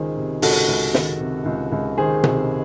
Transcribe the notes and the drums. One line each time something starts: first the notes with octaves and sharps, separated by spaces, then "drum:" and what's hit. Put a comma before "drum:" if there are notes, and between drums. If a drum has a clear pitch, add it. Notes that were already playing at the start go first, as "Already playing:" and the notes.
Already playing: C#2 D#3 G#4 C5
C3
C#2 F#4 A4, drum: open hi-hat
C#2
D#3, drum: snare
C3
C#2
C#2
D#3 G#4 C5
C3, drum: tom B2